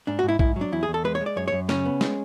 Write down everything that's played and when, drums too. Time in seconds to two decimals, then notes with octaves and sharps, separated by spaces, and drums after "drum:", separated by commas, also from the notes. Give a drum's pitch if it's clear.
0.07 G#2 D4
0.19 F#4
0.23 G#2
0.29 E4
0.39 G#2 E4, drum: kick A#1
0.56 F#3
0.61 D4
0.72 E2 E4
0.83 G#4
0.88 E2
0.94 A4
1.04 G#3 B4
1.15 C#5
1.21 G#3
1.26 D5
1.36 F#2 C#5
1.48 F#2 C#5
1.69 C#3 C#4, drum: snare
1.86 B3
2.01 G#3, drum: snare